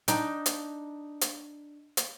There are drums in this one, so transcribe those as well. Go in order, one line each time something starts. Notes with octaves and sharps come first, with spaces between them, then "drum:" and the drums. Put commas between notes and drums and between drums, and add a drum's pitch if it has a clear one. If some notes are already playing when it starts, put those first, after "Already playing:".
D4 D#4 G5, drum: hi-hat
drum: hi-hat
drum: hi-hat
drum: hi-hat